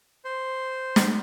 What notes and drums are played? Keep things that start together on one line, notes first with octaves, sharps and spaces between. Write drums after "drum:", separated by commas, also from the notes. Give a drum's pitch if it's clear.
C5
drum: snare